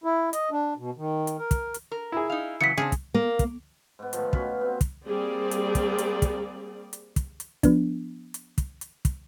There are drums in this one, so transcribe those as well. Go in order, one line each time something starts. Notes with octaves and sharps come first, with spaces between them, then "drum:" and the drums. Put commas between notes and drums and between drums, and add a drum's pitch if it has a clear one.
E4
D#5, drum: hi-hat
D4
B2
D#3
drum: hi-hat
A#4
drum: kick, hi-hat
drum: hi-hat
A#4
E4 G#4
D#4 F5
C#3 E3 F#3 B6 C#7
C#3 C4 D4 G#4
drum: kick, hi-hat
A#3
drum: kick, hi-hat
G#2 B3
A2 D#3 F3, drum: hi-hat
B2 C#4 B5, drum: kick
B3 C4
drum: kick, hi-hat
G3 A#3 C4 G#4 D5
drum: hi-hat
drum: kick, hi-hat
drum: hi-hat
drum: kick, hi-hat
drum: hi-hat
drum: kick, hi-hat
drum: hi-hat
F3 B3 D4, drum: kick, hi-hat
drum: hi-hat
drum: kick, hi-hat
drum: hi-hat
drum: kick, hi-hat